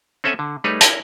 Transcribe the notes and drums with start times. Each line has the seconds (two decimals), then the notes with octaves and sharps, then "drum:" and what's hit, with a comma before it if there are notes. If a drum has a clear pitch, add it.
0.24 C4 C#4 A4 E5 F#5 G#5
0.39 D3
0.64 G3 A3 D#4 G#4 B4 C#5
0.81 E4 A#4 C#5, drum: hi-hat